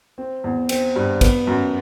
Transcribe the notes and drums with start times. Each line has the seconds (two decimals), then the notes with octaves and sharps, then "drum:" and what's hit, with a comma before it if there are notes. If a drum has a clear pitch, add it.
0.18 C4
0.44 E2
0.69 C4, drum: cymbal
0.96 G2
1.21 B3, drum: kick, cymbal
1.47 F#2